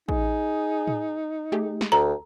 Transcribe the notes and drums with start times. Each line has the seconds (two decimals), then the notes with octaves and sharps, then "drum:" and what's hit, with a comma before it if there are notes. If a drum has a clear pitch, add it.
0.09 D#4 G#4, drum: kick
0.87 drum: tom A2
1.52 A3 G4 G#4
1.81 drum: snare
1.92 D2 A4 A#5